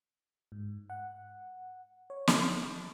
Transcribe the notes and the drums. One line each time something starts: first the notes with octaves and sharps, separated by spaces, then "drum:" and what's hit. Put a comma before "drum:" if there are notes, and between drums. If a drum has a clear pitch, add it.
G#2
F#5
C#5
drum: snare